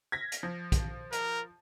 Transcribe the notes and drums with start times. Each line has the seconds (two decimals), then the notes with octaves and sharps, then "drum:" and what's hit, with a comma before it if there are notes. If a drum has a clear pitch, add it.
0.12 G#6 A#6 B6
0.32 drum: hi-hat
0.43 F3
0.72 drum: kick, hi-hat
1.12 A#4, drum: hi-hat